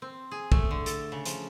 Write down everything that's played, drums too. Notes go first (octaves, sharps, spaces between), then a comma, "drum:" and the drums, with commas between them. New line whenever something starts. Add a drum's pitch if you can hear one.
C4
G#4
A3, drum: kick
D3
A4, drum: hi-hat
C#3
F3, drum: hi-hat